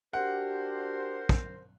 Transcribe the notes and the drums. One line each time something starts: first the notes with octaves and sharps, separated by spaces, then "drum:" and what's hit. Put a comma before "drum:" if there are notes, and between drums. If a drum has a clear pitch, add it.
D4 F#4 G4 A#4 C5 F#5
drum: kick